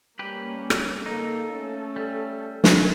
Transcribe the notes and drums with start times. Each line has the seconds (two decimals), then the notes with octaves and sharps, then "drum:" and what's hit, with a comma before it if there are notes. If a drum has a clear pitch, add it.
0.19 G3 A#3 C#4 G4 B4
0.70 drum: rim click
1.06 C#3 A#3 D#4 A4
1.50 A3 C#4
1.96 G3
2.64 drum: snare